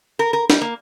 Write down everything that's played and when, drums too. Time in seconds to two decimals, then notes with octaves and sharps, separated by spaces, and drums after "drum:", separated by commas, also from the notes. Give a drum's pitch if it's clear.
0.19 A#4
0.33 A#4
0.50 G3, drum: snare
0.61 A#3